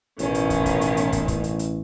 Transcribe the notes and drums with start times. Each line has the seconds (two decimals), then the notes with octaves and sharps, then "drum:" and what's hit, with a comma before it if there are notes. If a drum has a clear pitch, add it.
0.19 A1 B2 D#3 C#4, drum: hi-hat
0.35 drum: hi-hat
0.50 drum: kick, hi-hat
0.66 drum: kick, hi-hat
0.81 drum: hi-hat
0.97 drum: hi-hat
1.12 drum: kick, hi-hat
1.28 drum: kick, hi-hat
1.44 drum: hi-hat
1.59 drum: hi-hat